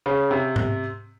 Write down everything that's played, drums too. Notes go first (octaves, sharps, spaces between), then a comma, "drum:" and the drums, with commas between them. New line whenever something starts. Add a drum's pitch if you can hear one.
C#3
C3
drum: tom G#2